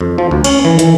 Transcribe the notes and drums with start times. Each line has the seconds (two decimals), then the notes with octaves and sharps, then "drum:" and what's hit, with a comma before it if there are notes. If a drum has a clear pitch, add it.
0.01 F2
0.18 F3
0.31 D2
0.44 C#4, drum: cymbal
0.65 E3
0.79 E3, drum: hi-hat